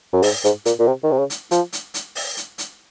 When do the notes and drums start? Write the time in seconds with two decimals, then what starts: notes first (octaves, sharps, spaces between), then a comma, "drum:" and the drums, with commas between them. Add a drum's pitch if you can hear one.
0.13 F#2
0.22 G#2, drum: open hi-hat
0.44 G#2, drum: hi-hat
0.65 A#2, drum: hi-hat
0.79 A#2
0.87 C3
1.03 D#3
1.12 C3
1.19 C#3
1.30 drum: hi-hat
1.51 F3, drum: hi-hat
1.73 drum: hi-hat
1.94 drum: hi-hat
2.15 drum: open hi-hat
2.37 drum: hi-hat
2.58 drum: hi-hat